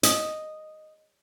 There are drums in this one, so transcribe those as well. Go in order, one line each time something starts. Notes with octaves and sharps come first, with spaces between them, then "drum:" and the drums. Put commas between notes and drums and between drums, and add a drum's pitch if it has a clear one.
D#5, drum: hi-hat